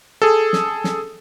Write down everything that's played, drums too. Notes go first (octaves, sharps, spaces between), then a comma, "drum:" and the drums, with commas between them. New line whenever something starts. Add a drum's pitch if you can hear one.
G#4 A4
drum: snare
drum: snare